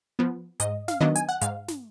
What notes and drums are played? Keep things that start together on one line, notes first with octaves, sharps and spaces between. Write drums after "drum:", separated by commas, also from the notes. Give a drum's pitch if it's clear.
F3 B3
G#2 D#5, drum: hi-hat
F5, drum: snare
D#3 F#3 B3 D4 D#5
G#5, drum: hi-hat
F#5
G#2 F5, drum: hi-hat
drum: snare